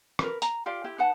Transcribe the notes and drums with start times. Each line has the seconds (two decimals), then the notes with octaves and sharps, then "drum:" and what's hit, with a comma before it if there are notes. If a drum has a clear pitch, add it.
0.19 A#4 B4, drum: rim click
0.42 A#5, drum: hi-hat
0.66 F4 G4 D5 F5
0.84 E4 G4
0.98 D#4 B4 F#5 A5